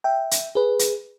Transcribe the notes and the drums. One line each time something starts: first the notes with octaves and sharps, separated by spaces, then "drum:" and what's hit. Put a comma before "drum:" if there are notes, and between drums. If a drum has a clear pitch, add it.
E5 G5
drum: hi-hat
G#4 B4
drum: hi-hat